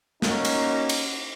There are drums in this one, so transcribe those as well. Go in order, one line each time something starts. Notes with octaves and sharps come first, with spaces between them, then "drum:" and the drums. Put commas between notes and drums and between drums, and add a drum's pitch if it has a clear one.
A#3 C#4 D#4 F#4, drum: snare
drum: cymbal
drum: cymbal